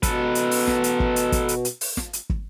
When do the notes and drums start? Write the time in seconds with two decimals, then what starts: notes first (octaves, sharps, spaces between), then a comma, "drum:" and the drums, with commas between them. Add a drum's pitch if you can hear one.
0.03 B2 A4 B4, drum: kick, hi-hat
0.35 drum: hi-hat
0.51 drum: open hi-hat
0.68 drum: snare
0.84 drum: hi-hat
1.00 drum: kick
1.16 drum: hi-hat
1.32 drum: kick, hi-hat
1.49 drum: hi-hat
1.65 drum: hi-hat
1.81 drum: open hi-hat
1.97 drum: snare
2.13 drum: hi-hat
2.30 drum: kick